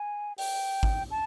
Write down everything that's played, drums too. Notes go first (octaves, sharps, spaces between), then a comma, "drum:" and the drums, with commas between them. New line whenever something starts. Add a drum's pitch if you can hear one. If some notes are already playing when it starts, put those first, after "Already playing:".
Already playing: G#5
G5, drum: open hi-hat
drum: kick G#1
A5